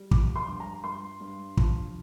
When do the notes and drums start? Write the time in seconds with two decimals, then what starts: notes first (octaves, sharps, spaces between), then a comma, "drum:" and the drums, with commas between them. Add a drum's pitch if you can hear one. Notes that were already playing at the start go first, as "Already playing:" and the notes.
Already playing: G3
0.11 F3 D6, drum: kick
0.36 C6
0.48 G2
0.60 A#5
0.84 G2 C6
1.21 G2
1.57 F3, drum: kick